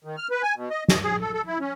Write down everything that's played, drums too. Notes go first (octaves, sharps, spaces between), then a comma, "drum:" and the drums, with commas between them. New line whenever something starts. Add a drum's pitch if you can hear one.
D#3
F6
B4
G#5
B2
D#5
D#5, drum: snare
G#4
A4
A4
E4
C#4